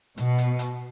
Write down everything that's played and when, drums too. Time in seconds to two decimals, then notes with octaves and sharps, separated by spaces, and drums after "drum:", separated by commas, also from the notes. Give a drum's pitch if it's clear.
0.18 B2, drum: hi-hat
0.38 drum: hi-hat
0.59 drum: hi-hat